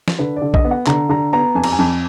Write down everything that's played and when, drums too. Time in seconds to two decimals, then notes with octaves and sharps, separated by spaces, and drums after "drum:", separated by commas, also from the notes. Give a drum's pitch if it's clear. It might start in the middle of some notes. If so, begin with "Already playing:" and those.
0.08 drum: snare
0.19 D3 B4
0.36 D5
0.42 D3
0.54 D#5, drum: kick A#1
0.64 B3
0.71 F#5
0.87 D3 A#5, drum: clap
1.09 D3 A#5
1.33 B3 A#5
1.55 F2 G#5
1.64 A#5, drum: cymbal
1.72 G#5
1.78 F2